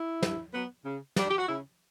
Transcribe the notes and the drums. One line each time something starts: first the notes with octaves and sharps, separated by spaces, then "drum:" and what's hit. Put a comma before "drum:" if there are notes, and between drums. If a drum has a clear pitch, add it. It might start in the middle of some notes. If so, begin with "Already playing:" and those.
Already playing: E4
G2, drum: snare
F#3 B3
C#3
G3 D4, drum: snare
G4
F#4
C#3 E4